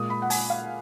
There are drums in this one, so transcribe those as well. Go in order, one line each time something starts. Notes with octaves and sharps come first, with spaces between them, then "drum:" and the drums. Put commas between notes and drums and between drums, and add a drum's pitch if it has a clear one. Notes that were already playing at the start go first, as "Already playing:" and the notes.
Already playing: A#2 G#3 D#6
B5
F#5
G#5, drum: open hi-hat
F5